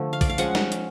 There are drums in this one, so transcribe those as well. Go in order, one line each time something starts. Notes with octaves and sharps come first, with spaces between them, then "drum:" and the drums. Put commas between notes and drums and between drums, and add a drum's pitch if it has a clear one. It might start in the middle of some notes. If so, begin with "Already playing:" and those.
Already playing: D3 F3 A3
F5
D5, drum: kick A#1, open hi-hat
F5
F3 G#3 C#4 F#5, drum: hi-hat
drum: snare
drum: hi-hat